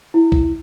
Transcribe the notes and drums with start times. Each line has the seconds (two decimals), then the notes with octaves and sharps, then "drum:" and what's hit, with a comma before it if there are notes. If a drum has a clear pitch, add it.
0.14 E4
0.32 drum: kick B1